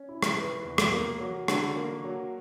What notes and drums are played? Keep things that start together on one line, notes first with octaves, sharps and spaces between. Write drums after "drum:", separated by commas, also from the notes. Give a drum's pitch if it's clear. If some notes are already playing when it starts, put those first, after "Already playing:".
Already playing: C#4
E4
drum: rim click
B4
E2
drum: rim click
A#3
F#3
D3, drum: rim click
A#3
F#3